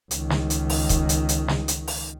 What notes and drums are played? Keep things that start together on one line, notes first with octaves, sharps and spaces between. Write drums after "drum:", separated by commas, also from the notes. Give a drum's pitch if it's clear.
C#2 D#3, drum: hi-hat
drum: snare
drum: hi-hat
drum: open hi-hat
drum: kick D#1, hi-hat
drum: hi-hat
drum: hi-hat
drum: snare
drum: hi-hat
drum: open hi-hat